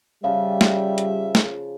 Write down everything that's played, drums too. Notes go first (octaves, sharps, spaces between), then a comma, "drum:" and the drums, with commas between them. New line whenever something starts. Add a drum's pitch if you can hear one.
C#3 F3 G3 F4 E5 F5
drum: snare
drum: hi-hat
drum: snare